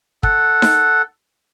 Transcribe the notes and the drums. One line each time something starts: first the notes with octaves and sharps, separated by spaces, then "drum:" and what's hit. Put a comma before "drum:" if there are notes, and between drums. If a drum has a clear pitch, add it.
A4 F#5, drum: kick
drum: snare D#4